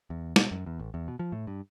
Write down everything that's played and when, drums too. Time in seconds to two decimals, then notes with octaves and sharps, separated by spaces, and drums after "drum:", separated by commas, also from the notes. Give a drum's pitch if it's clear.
0.10 E2
0.36 B2, drum: snare
0.51 F#2
0.66 E2
0.79 A1
0.94 E2
1.08 B2
1.19 F3
1.32 A2
1.47 G2